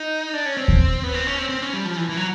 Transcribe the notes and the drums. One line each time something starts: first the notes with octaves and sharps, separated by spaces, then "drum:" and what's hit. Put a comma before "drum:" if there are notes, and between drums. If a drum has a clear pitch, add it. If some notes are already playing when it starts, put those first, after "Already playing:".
Already playing: D#4
D4
C#4
C4
drum: kick D#2
B3
C4
C#4
C4
C4
C#4
G3
F3
E3
E3
F#3